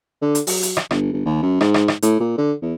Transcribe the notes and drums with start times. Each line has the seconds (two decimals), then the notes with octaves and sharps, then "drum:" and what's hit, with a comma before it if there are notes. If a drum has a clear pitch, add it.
0.22 D3
0.35 drum: hi-hat
0.47 F#3, drum: open hi-hat
0.63 drum: hi-hat
0.77 drum: rim click
0.91 G1, drum: rim click
1.13 G1
1.25 D#2
1.42 F#2
1.61 G#2, drum: rim click
1.74 drum: rim click
1.88 drum: rim click
2.02 A2, drum: hi-hat
2.20 A#2
2.38 D3
2.62 E2